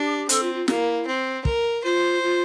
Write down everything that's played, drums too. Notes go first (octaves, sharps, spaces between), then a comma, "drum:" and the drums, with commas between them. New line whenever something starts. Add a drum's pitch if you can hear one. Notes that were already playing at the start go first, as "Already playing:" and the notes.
Already playing: D4 G4
C4 A4, drum: hi-hat
F4
F4
A#3 E4, drum: snare
C4
A#4, drum: kick
F4 C5
F4